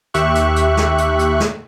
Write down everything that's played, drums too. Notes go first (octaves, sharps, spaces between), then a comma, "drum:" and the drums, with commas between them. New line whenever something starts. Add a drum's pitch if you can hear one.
D#2 G4 E5 C#6 F#6, drum: hi-hat
drum: hi-hat
drum: hi-hat
drum: snare
drum: hi-hat
drum: hi-hat
drum: snare